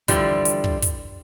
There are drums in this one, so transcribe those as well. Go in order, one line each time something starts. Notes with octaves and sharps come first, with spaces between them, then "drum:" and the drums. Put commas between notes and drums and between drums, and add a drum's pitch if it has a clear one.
D3 E3 F3 G3, drum: kick, hi-hat
drum: hi-hat
drum: kick
drum: kick, hi-hat